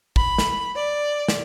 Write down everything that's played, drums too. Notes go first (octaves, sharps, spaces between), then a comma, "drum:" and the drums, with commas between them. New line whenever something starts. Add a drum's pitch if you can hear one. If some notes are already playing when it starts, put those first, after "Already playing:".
B5, drum: kick
drum: snare
D5
drum: snare